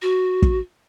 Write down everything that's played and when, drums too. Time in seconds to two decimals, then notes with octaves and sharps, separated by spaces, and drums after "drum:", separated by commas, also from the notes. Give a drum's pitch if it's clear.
0.02 F#4
0.42 drum: kick